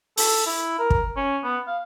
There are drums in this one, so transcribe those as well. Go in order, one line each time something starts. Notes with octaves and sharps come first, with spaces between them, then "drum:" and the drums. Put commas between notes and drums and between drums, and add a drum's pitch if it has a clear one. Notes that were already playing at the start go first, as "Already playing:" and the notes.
A4, drum: open hi-hat
E4
A#4
drum: kick
C#4
B3
F5